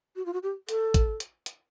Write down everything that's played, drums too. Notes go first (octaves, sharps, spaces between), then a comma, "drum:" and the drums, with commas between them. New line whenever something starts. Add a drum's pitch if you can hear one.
F#4
F4
F#4
G4
A4, drum: hi-hat
drum: kick, hi-hat
drum: hi-hat
drum: hi-hat